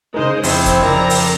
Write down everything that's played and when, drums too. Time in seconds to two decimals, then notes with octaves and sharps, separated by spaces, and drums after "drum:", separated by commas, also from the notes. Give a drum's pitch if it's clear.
0.14 C#3 G#3 D#4 A#4 C5 D#5
0.43 F2 C4 E4 C5, drum: open hi-hat
0.66 drum: kick, hi-hat
0.81 C#3 F3 D4 A#4 D5 A#5
1.10 drum: open hi-hat